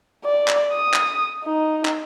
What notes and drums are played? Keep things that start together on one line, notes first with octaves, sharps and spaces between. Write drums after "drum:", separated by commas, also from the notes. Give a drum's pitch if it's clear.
D5
drum: clap
D#6
drum: clap
D#4
drum: clap